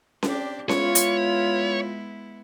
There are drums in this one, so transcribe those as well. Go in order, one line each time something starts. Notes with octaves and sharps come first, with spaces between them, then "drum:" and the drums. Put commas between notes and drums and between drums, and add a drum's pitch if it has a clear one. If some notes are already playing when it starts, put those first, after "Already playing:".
C4 D4 G4, drum: snare C#4
G#3 B3 E4 F4 C#5, drum: snare C#4
drum: hi-hat